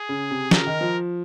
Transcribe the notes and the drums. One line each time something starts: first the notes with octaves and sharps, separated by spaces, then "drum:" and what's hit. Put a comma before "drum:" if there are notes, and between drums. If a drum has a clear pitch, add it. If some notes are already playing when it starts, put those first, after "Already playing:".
Already playing: G#4
C#3
C3
C#3 A#4, drum: snare
D#3
F3